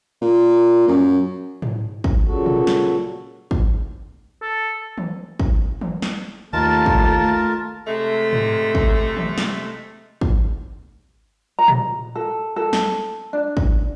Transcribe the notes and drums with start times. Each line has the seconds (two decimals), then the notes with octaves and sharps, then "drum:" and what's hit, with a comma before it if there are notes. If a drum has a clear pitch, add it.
0.22 A#2
0.88 F#2
1.62 drum: tom G#2
2.04 drum: kick
2.25 A#2 C#3 F#3 F#4 A4
2.46 drum: tom B2
2.67 drum: snare
3.51 drum: kick
4.42 A4
4.98 drum: tom D#3
5.40 drum: kick
5.81 drum: tom D#3
6.02 drum: snare
6.53 D#2 A3 F4 A#4 A5
6.86 drum: kick
7.87 C3 G#3 A3
8.33 drum: tom G#2
8.75 drum: kick
9.17 drum: tom D#3
9.38 drum: snare
10.21 drum: kick
11.59 A#5
11.68 drum: tom A#2
12.15 A4
12.56 A4
12.73 drum: snare
13.33 D4
13.57 drum: kick